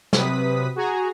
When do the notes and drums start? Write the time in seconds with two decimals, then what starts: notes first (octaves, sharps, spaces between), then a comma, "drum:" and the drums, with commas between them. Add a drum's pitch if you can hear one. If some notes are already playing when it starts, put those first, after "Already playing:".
0.13 C3 F#3 B4 D#6 B6, drum: snare
0.76 F#4 G#4 G#5 A#5